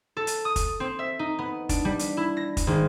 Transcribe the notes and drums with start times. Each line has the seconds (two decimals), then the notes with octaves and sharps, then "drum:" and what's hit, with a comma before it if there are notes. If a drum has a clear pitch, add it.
0.17 A4
0.27 drum: hi-hat
0.45 D#6
0.56 drum: kick, hi-hat
0.80 C4
0.99 E5
1.19 D#4
1.39 B3
1.69 D4, drum: kick, hi-hat
1.85 G3
1.99 drum: hi-hat
2.17 E4
2.37 A#6
2.57 drum: kick, hi-hat
2.67 G#1